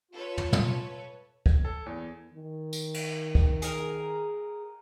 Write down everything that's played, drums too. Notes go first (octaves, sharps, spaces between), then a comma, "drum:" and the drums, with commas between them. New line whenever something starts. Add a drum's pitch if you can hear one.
F4 A4 B4 C#5
drum: tom
drum: tom
G#6, drum: kick
A4
E2
D#3
drum: tambourine
drum: cymbal
drum: kick
G#4 A#4, drum: hi-hat